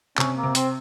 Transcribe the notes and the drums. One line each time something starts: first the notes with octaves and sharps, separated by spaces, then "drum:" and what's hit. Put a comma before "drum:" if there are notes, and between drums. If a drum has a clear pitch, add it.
C3 C#4, drum: clap
A#3
C3
C4, drum: hi-hat